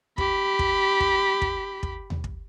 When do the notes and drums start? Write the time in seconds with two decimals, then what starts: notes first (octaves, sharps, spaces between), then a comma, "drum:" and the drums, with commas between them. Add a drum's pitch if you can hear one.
0.18 G4 B5, drum: kick
0.59 drum: kick
1.00 drum: kick
1.42 drum: kick
1.83 drum: kick
2.10 drum: tom D#2
2.24 drum: kick